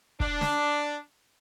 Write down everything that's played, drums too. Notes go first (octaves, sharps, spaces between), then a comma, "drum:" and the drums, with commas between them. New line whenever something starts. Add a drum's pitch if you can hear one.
D4, drum: kick
drum: snare